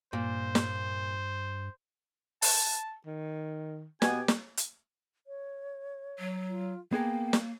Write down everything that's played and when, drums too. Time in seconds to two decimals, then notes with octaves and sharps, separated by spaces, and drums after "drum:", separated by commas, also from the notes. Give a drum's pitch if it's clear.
0.13 G2 A#2 C5
0.55 drum: snare
2.42 A5, drum: open hi-hat
3.06 D#3
4.02 B2 B3 G4 G#5, drum: snare
4.28 drum: snare
4.57 drum: hi-hat
5.27 C#5
6.19 F#3
6.48 F4
6.92 A#3 B3 G#4 A#4 G5
7.33 drum: snare